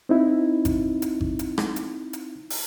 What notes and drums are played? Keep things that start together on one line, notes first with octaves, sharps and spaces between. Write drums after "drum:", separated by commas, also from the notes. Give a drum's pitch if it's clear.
C4 D#4 E4
drum: kick G#1, hi-hat
drum: hi-hat
drum: kick G#1
drum: hi-hat
drum: rim click
drum: hi-hat
drum: hi-hat
drum: open hi-hat